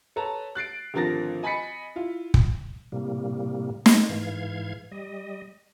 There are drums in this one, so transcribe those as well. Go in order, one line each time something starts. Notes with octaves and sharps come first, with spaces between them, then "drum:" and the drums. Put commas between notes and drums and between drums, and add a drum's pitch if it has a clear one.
A4 B4 C#5 A5 A#5
F#6 A6 C7 D7
G#1 D3 F3 A#4 A6 A#6
D#5 G#5 B5 A6 B6 C#7
E4 F4
drum: kick
A2 C3 G3 A#3
drum: snare
G#2 E3 F5 G#6
G3 D#5